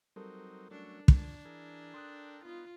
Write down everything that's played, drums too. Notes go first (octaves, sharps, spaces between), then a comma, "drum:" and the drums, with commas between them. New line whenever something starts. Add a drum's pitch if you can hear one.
F#3 G3 C4 D#4 A4 A#4
F#3 A3 C#4 D4
F2 D4, drum: kick
E3 G#4 A#4
A4 A#4 G5 C6 D#6 F#6
B3 D#4 F4